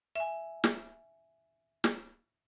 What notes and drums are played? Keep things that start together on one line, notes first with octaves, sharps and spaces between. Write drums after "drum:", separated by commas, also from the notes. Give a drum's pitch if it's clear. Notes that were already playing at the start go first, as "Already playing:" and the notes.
E5 G#5
drum: snare
drum: snare